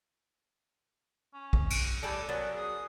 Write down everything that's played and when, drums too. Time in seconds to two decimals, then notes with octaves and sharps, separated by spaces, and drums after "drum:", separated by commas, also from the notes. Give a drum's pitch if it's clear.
1.34 C#4
1.53 drum: kick A#1
1.70 drum: cymbal
2.03 A2 G3 A4 D5 G#5
2.29 F#3 B3 A#4 D5 A6
2.55 G#4 D#6